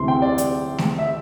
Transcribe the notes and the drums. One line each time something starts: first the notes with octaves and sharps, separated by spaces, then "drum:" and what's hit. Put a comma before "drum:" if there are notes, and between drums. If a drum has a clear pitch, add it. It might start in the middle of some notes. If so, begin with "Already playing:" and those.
Already playing: D2 C3 E3 C6
G5
D5
drum: hi-hat
drum: snare A3
E5